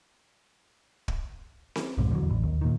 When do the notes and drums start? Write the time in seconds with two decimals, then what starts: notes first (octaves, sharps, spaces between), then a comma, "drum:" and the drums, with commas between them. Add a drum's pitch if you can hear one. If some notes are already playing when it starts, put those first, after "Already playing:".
1.08 drum: kick
1.76 drum: snare C4
1.98 B1 F2 G#2 C3
2.11 E2 D3 F#3
2.30 A1
2.43 D#2
2.61 A#2 D#3